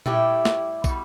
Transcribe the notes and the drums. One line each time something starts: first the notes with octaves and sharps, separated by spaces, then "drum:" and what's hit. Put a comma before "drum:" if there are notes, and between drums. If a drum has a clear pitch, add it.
A2 G3 E4 G4, drum: tom A#2
drum: snare
B2 G3, drum: kick, tambourine